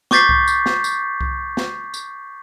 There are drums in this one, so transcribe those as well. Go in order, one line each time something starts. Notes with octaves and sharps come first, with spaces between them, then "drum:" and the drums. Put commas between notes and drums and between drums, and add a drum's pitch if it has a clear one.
C#6 D6 G6 A6 B6 C7, drum: snare
drum: kick C2
drum: tambourine
drum: snare
drum: tambourine
drum: kick C2
drum: snare
drum: tambourine